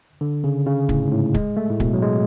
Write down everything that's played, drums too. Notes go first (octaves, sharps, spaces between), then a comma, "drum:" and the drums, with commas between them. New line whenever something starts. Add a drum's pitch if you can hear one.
D3
C#3
C#3
A2, drum: kick
G#2
A2
G#3, drum: kick
A3
A2
B2, drum: kick
F#3
G#3